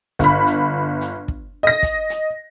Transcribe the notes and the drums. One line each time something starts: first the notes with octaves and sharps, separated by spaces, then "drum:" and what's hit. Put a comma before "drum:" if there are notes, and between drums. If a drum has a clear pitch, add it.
G1 B5, drum: kick, hi-hat
drum: hi-hat
drum: hi-hat
drum: kick
D#5 A#6
drum: kick, hi-hat
drum: hi-hat